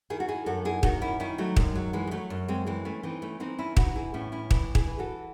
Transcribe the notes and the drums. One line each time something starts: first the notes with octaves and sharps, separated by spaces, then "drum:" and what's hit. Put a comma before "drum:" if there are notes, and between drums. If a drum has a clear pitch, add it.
D#3 E4 G#4
F#4
E4 G#4
F#2 F#4 A4
E4 G#4
D#3 D#4 F#4, drum: kick
C#4 E4
D#3 C#4 E4
F#3 A3
F#2 G#3, drum: kick
F#3
E3 G#3
G#3
F#3 A3
F#2
G#3 C4
E3 G#3 C4
A3 C#4
E3 C4 D#4
A3 C#4
E3 C4 D#4
C#4 E4
E3 D#4 F#4, drum: kick
E4 G#4
A2 C#4 E4
C#4 E4
E3, drum: kick
E4 G#4, drum: kick
E3
F#4 A4